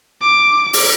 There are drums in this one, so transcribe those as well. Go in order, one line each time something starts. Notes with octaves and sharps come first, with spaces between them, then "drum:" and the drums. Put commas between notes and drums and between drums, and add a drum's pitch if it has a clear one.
D6
drum: open hi-hat